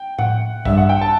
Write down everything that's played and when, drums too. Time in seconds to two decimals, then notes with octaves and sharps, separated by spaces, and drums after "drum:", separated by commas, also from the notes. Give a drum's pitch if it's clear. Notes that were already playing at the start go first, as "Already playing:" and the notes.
Already playing: G5
0.19 F#5, drum: tom A2
0.65 G2 E5, drum: kick A#1
0.77 F#5
0.89 G5
1.01 A5